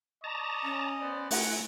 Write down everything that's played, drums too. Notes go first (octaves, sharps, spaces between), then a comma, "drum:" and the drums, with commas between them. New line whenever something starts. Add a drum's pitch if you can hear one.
D5 D#5 A5 A#5 C#6
C#4
B3 C5 D5
A3 F#5 G#5, drum: open hi-hat